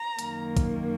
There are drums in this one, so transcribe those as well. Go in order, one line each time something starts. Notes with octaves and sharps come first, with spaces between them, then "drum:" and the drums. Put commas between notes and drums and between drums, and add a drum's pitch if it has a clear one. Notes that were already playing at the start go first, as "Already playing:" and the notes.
Already playing: A#5
F#2 D#3 A#3, drum: hi-hat
drum: kick, hi-hat